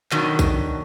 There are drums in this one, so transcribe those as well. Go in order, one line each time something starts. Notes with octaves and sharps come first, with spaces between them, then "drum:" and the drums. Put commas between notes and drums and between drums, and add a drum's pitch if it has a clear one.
B2 D3 D#3 F#3, drum: clap
drum: kick, tambourine